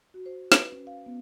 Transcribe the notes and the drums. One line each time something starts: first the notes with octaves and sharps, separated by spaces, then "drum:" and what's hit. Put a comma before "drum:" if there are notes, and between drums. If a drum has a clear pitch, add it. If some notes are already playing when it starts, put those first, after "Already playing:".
F#4
C5
B4, drum: snare
C#4
F5
B3